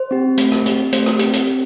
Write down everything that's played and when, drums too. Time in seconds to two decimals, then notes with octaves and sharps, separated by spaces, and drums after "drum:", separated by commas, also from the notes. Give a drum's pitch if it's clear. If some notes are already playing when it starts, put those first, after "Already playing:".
Already playing: C5
0.11 C4 G4
0.38 A3, drum: hi-hat
0.52 drum: rim click
0.66 C4 G4, drum: hi-hat
0.93 A3 C5, drum: hi-hat
1.06 drum: rim click
1.19 C4 G4, drum: hi-hat
1.33 drum: hi-hat
1.48 C4